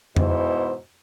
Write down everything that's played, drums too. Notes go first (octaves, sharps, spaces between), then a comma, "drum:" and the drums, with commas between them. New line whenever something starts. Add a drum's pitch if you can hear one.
E2 G#2 B2 E4 C5, drum: tom F2